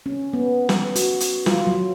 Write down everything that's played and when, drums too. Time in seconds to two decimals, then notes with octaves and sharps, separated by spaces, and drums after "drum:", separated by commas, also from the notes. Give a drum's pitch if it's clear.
0.06 C#4
0.33 B3
0.69 drum: snare
0.95 F#4, drum: hi-hat
1.20 drum: hi-hat
1.46 F4, drum: snare
1.67 F#3